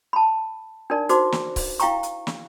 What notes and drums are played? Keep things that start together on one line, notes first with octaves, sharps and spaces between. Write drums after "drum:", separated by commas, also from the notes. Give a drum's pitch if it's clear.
A5 B5
D4 D#4 A#4 D5
D#4 F#4 C5 D6, drum: hi-hat
drum: snare
drum: kick C#1, open hi-hat
E4 F5 G5 A#5 C#6, drum: hi-hat
drum: hi-hat
drum: snare